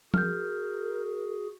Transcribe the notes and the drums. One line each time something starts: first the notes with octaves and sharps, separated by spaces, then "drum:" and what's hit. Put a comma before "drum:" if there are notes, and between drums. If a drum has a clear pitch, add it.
F#4 G#4 A#4 F6 G6, drum: tom F3